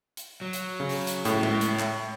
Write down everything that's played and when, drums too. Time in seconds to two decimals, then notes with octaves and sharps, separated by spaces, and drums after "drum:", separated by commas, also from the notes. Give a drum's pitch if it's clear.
0.17 drum: hi-hat
0.41 F#3
0.53 drum: hi-hat
0.80 C#3
0.89 drum: open hi-hat
1.07 drum: hi-hat
1.25 A2 C#5 E5, drum: hi-hat
1.43 drum: tom G#3
1.61 drum: hi-hat
1.79 drum: clap